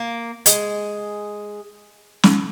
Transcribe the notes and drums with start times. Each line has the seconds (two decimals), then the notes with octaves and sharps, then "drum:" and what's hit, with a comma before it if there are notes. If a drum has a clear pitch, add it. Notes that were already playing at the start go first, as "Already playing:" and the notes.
Already playing: A#3
0.46 G#3, drum: hi-hat
2.23 drum: snare